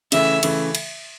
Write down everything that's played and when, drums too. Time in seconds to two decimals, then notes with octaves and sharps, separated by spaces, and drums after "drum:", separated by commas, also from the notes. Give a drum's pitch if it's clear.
0.12 C#3 E3 A3 E5, drum: cymbal
0.43 C#3 E3 A3, drum: cymbal
0.75 drum: cymbal